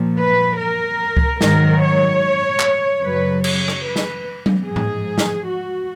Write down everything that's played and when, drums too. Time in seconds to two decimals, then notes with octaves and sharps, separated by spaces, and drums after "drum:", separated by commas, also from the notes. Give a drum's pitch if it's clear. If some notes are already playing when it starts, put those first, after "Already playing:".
Already playing: A#2 F3
0.18 B4
0.59 A#4
1.17 drum: kick C#2
1.41 G#2 D#3 F#3 A#4, drum: snare
1.82 C#5
2.60 drum: clap
3.03 F#2 C#3 F#3 B4
3.44 C#5, drum: cymbal
3.68 drum: rim click
3.84 B4
3.96 drum: snare
4.46 drum: tom F#3
4.66 G#2 F3 G#4
4.76 drum: tom A2
5.18 drum: snare
5.48 F#4